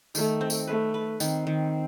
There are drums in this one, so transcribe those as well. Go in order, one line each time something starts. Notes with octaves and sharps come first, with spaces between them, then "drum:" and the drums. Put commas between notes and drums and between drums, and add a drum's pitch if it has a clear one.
D#3 A3, drum: tambourine
C4
drum: tambourine
A3 B4
B4
D#3 C4, drum: tambourine
D#3